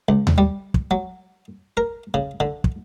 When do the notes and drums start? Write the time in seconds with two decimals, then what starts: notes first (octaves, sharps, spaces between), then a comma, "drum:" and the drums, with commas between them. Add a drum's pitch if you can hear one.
0.09 C#2
0.27 drum: tom D#2
0.38 G3
0.74 drum: kick
0.91 F#3
1.77 A#4
2.14 C#3
2.40 D3
2.64 drum: kick